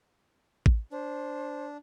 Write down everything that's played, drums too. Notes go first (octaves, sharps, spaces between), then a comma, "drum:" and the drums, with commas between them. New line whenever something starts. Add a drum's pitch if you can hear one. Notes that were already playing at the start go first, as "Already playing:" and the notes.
drum: kick A1
D4 C5